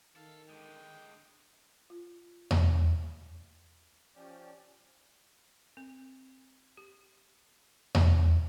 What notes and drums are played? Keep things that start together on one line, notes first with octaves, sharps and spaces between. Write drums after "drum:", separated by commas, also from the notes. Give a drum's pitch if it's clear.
D#3 A4 F5
D3 G#3 G5
F4
drum: tom E2
F3 C#4 G4 D5
C4
G4
drum: tom E2